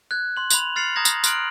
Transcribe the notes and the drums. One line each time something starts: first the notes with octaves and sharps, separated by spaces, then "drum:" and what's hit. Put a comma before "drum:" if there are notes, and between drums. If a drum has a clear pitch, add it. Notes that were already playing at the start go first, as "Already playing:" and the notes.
F#6 G#6
C6 F#7
B5 F7 F#7, drum: tambourine
F6 A6 C7 C#7 F7 F#7
A#5 D#6 G#6 A#6
drum: tambourine
C6 F6 F#6 D7 F#7, drum: tambourine